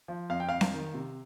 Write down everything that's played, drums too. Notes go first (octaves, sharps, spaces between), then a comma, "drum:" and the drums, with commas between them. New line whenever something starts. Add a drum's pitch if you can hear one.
F3
F2 F5
G5
F2 F5
drum: snare C4
D#3
C3